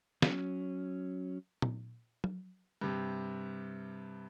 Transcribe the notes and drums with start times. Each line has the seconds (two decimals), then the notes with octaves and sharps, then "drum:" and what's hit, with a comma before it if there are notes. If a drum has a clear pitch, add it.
0.22 F#3 C#4, drum: snare
1.62 drum: tom A#2
2.24 drum: tom
2.81 G2 C3